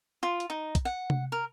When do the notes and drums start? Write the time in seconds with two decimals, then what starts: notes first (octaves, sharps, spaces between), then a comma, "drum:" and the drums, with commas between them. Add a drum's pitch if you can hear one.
0.23 F4
0.40 drum: hi-hat
0.50 D#4
0.75 drum: kick, hi-hat
0.85 F#5
1.10 drum: tom C3
1.32 A#4